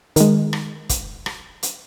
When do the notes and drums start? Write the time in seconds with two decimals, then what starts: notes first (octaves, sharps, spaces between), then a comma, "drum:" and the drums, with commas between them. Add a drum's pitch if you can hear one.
0.16 D#3 G#3, drum: hi-hat
0.53 drum: rim click
0.89 drum: kick, hi-hat
1.26 drum: rim click
1.63 drum: hi-hat